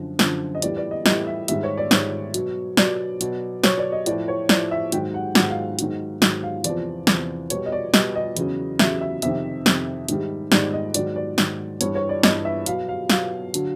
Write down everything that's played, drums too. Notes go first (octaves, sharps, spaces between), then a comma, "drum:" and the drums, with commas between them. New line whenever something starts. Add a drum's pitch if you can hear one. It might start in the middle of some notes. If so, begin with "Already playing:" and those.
Already playing: F#2 D3 F3
F#2 D3 F3, drum: snare
D#5
A2 E3 G3 D5, drum: hi-hat
D5
D#5
A2 E3 G3 D#5, drum: snare
E5
G#2 D#3 G3 E5, drum: hi-hat
C#5
D5
G#2 D#3 G3 C#5, drum: snare
B2 F#3, drum: hi-hat
B2 F#3 D5, drum: snare
B2 F#3, drum: hi-hat
B2 F#3 C#5, drum: snare
D5
D#5
A2 F3 D5, drum: hi-hat
C#5
A2 F3 D5, drum: snare
E5
G#2 D#3 F#3 G5, drum: hi-hat
F#5
G#2 D#3 F#3 F#5, drum: snare
F5
G#2 D#3 F#3, drum: hi-hat
G#2 D#3 F#3, drum: snare
F5
E2 C3 F3 D5, drum: hi-hat
E2 C3 F3, drum: snare
B2 G3 C#5, drum: hi-hat
D#5
D5
B2 G3 D#5, drum: snare
D#5
E2 C#3 F#3, drum: hi-hat
E2 C#3 F#3 E5, drum: snare
E5
F2 C3 D#3 E5, drum: hi-hat
F2 C3 D#3, drum: snare
G#2 D#3 G3, drum: hi-hat
G#2 D#3 G3 D5, drum: snare
D#5
G#2 D#3 F#3 D5, drum: hi-hat
D5
G#2 D#3 F#3, drum: snare
G2 E3 G3 C#5, drum: hi-hat
C#5
D5
G2 E3 G3 D#5, drum: snare
E5
B2 F#3 F5, drum: hi-hat
F5
B2 F#3 F5, drum: snare
D3 F#3, drum: hi-hat